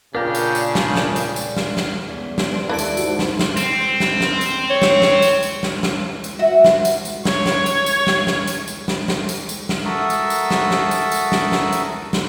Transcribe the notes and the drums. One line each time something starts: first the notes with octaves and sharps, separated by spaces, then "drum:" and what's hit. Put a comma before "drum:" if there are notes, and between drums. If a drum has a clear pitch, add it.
A#2 C#3 D4 G4 A#4 F5
drum: tambourine
drum: tambourine
drum: snare
drum: snare
drum: tambourine
drum: tambourine
drum: snare
drum: snare
E2
drum: snare
G2 C4
D#2 G3 D4 E4 A4 D6
drum: tambourine
G#2 F#4, drum: tambourine
drum: snare
drum: snare
C4, drum: tambourine
drum: snare
drum: snare
drum: tambourine
C#5
drum: snare
drum: snare
drum: tambourine
drum: tambourine
drum: snare
drum: snare
drum: tambourine
F#4 E5
drum: snare
drum: tambourine
drum: tambourine
C#5, drum: snare
drum: snare
drum: tambourine
drum: tambourine
drum: snare
drum: snare
drum: tambourine
drum: tambourine
drum: snare
drum: snare
drum: tambourine
drum: tambourine
drum: snare
F#4 A4 A#4 E5 D#6 E6
drum: tambourine
drum: tambourine
drum: snare
drum: snare
drum: tambourine
drum: tambourine
drum: snare
drum: snare
drum: tambourine
drum: snare